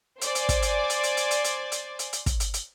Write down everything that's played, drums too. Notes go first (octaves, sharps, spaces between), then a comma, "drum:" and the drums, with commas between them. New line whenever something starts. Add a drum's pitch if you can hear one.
C5 D5 G#5, drum: hi-hat
drum: hi-hat
drum: kick, hi-hat
drum: hi-hat
drum: hi-hat
drum: hi-hat
drum: hi-hat
drum: hi-hat
drum: hi-hat
drum: hi-hat
drum: hi-hat
drum: hi-hat
drum: kick, hi-hat
drum: hi-hat
drum: hi-hat